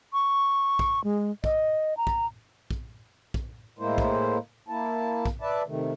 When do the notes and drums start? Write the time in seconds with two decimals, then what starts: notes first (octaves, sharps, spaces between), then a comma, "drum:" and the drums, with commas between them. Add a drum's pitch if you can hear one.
0.13 C#6
0.79 drum: kick
1.04 G#3
1.44 D#5, drum: kick
1.97 A#5
2.07 drum: kick
2.71 drum: kick
3.34 drum: kick
3.79 A2 G#3 A#3 E4 C5
3.98 drum: kick
4.69 A#3 E4 A5
5.26 drum: kick
5.41 B4 D5 E5 A5
5.67 C3 D#3 A3